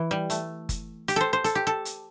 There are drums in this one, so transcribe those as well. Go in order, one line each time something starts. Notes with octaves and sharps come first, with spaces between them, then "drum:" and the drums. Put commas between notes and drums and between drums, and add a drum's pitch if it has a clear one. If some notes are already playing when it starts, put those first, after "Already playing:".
Already playing: E3
G3
A3, drum: hi-hat
drum: kick F#1, hi-hat
G4, drum: hi-hat
A4 C5
C5
A4, drum: hi-hat
G4
A4
drum: hi-hat